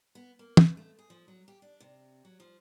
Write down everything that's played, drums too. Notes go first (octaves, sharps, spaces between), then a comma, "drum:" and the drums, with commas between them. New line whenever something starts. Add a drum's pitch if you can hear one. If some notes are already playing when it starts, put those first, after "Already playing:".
B3
A#3
B4, drum: tom
A3
G#4
F3
F#3
G4
D4
C3
F#3
F3